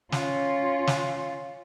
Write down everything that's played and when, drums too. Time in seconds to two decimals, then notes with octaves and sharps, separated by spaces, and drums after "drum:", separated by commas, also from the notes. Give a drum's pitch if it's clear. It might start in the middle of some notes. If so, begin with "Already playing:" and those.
0.12 C#4 F4, drum: snare
0.87 drum: snare